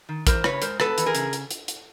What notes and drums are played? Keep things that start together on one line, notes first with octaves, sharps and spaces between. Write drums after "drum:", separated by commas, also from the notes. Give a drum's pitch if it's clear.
D#3
E3 A#4 C5, drum: kick, hi-hat
C#3 B4 C#5, drum: rim click
G#3 A#4 C5, drum: hi-hat
B3 A4 B4, drum: rim click
E3, drum: hi-hat
G#4 A#4
C#3, drum: hi-hat
drum: hi-hat
drum: hi-hat
drum: hi-hat